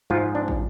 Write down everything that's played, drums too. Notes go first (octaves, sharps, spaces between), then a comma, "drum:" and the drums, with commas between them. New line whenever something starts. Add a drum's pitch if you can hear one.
G#2 F3 F4
D4
drum: kick